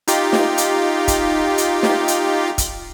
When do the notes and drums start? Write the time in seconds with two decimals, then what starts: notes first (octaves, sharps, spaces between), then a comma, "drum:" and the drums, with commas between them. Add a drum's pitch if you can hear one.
0.08 D#4 F4 G4, drum: hi-hat
0.33 drum: snare
0.58 drum: hi-hat
1.08 drum: kick, hi-hat
1.58 drum: hi-hat
1.83 drum: snare
2.08 drum: hi-hat
2.58 drum: kick, hi-hat